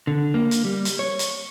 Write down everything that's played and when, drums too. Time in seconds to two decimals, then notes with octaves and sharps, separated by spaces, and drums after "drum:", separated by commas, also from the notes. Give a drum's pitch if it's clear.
0.07 D3
0.34 A#3
0.51 drum: hi-hat
0.65 G3
0.85 drum: hi-hat
0.99 C#5
1.19 drum: hi-hat